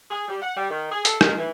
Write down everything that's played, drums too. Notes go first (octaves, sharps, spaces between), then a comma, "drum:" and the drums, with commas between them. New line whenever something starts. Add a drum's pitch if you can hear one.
G#4
G3
F#5
G3
D#3
G#4
A4, drum: hi-hat
D#3, drum: rim click
E3